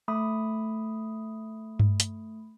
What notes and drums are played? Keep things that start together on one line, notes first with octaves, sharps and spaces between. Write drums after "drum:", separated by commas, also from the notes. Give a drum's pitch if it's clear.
A3 B5 D#6
drum: tom G2
drum: hi-hat